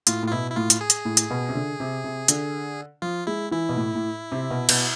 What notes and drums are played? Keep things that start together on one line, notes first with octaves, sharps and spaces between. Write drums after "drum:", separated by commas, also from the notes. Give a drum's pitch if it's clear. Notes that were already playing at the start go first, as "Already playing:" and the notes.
A2 F4, drum: hi-hat
A2
F4
B2 E4
E4
A2 F4
drum: hi-hat
G#4
drum: hi-hat
A2
drum: hi-hat
B2
C3
D3
C3
C3
D3, drum: hi-hat
F3 F4
G#3 E4
E3 E4
B2
A2
A2
C3
B2
B2, drum: cymbal